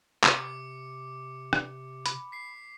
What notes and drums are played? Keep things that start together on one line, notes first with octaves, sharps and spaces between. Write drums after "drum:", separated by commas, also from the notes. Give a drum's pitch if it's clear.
C3 D6 C#7, drum: clap
drum: rim click
B5, drum: hi-hat
B6 C7